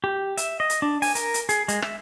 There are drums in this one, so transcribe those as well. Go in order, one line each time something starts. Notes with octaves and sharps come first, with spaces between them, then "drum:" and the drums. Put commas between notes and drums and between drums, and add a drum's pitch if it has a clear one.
G4
E5, drum: hi-hat
D#5
drum: hi-hat
D4
G#5, drum: open hi-hat
A#4, drum: hi-hat
drum: hi-hat
G#4, drum: hi-hat
G#3, drum: hi-hat
E5, drum: rim click